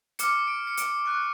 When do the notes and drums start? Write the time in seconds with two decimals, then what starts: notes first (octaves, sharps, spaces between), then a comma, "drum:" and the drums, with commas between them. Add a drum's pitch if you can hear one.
0.19 D6 F6 C#7, drum: hi-hat
0.47 D7
0.67 C#7
0.77 D7, drum: hi-hat
1.05 C#6 F#6